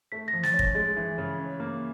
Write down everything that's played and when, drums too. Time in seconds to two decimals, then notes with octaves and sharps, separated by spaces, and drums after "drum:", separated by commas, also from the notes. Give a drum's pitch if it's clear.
0.12 A3 B6
0.28 A#6
0.33 F3
0.43 A6, drum: snare
0.54 C#4
0.59 A#6, drum: kick
0.75 G#3 A6
0.96 E3
1.18 C#3
1.39 C#4
1.60 A#3